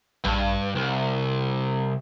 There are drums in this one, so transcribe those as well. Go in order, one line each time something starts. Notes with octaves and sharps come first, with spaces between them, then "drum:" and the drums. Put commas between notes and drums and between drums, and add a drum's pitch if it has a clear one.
G2, drum: tom A#1
C2